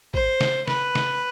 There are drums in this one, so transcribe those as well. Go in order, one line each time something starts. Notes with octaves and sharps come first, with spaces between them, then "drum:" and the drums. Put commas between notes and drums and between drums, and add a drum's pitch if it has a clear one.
C5, drum: kick
drum: snare
B4, drum: snare
drum: snare